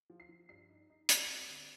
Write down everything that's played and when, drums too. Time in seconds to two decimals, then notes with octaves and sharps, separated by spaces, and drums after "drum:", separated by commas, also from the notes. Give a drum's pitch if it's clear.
0.10 F3
0.20 C7
0.29 F3
0.49 G2 C7
0.69 D#4
0.90 D#4
1.09 G3 D7, drum: hi-hat
1.24 C4 C7
1.39 D7
1.49 D3 C7